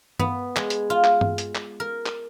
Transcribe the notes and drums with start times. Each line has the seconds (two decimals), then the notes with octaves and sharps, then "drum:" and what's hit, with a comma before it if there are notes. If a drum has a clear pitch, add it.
0.19 B3, drum: tom G2
0.56 G#3, drum: clap
0.70 drum: hi-hat
0.90 F4
1.04 drum: clap
1.21 drum: tom G2
1.38 drum: hi-hat
1.55 drum: clap
1.80 A#4
2.06 drum: clap